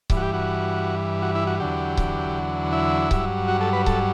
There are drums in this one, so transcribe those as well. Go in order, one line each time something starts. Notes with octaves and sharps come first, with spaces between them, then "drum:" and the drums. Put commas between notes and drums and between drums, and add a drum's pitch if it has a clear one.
G2 E3, drum: kick C#1
F#4
G4
F#4
F#4
E4
F#4
E2 D3 F#3 G4
drum: kick C#1
E4
G2 F#3, drum: kick C#1
F#4
A4
B4
A4, drum: kick C#1